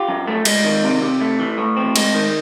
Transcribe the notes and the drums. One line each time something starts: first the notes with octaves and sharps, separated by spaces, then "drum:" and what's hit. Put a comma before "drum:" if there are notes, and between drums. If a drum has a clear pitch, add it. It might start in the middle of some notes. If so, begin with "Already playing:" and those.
Already playing: F4 G4
F#2
A3
G#3, drum: cymbal
D#3
C3
C3
A3
E3
A2
C4
G#3, drum: cymbal
D#3